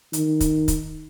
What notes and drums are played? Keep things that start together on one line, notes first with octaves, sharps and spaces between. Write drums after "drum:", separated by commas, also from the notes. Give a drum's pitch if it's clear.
D#3, drum: hi-hat
drum: kick, hi-hat
drum: kick, hi-hat